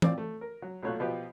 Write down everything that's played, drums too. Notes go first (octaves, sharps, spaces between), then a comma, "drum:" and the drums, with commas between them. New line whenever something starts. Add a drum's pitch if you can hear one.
A2 C4 F4 D5 D6, drum: tom E3
A3
A#4
F#3
B1 A#2 A3 C#5 F5 F#6
B2 F3 F4 G4 B4